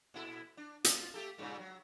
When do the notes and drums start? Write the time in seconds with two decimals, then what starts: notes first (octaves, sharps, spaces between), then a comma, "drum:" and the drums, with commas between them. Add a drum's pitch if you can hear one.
0.14 A#2 E4 A4
0.57 D4
0.84 F4, drum: hi-hat
1.14 A3 G4 A4
1.38 G2 A#2 C#3
1.59 F#3